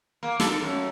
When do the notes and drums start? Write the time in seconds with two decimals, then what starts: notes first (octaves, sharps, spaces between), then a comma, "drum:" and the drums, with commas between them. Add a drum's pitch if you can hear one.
0.23 A#3
0.40 A4, drum: snare
0.63 F#2